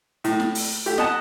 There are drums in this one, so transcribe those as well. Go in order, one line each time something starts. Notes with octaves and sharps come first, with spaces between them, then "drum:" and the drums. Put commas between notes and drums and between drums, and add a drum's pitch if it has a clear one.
A2, drum: hi-hat
drum: snare
drum: open hi-hat
A3 G4, drum: hi-hat
D#5 F#5 A5, drum: snare